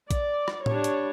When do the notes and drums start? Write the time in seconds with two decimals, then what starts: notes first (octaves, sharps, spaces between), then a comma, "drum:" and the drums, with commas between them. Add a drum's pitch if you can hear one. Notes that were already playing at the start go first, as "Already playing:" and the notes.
0.11 D5, drum: kick, hi-hat
0.48 drum: rim click
0.66 G3 D4 C#5, drum: tom A2
0.84 drum: hi-hat